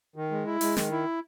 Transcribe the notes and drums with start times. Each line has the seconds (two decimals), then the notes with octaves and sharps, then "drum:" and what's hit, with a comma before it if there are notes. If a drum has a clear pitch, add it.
0.16 D#3
0.31 G#3
0.47 E4
0.61 G#3, drum: open hi-hat
0.77 D#3, drum: snare
0.91 E4